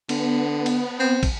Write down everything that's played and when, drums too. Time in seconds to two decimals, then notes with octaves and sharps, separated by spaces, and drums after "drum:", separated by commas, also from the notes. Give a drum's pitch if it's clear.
0.09 D3 B3, drum: cymbal
0.66 drum: cymbal
1.00 C4
1.23 drum: kick, cymbal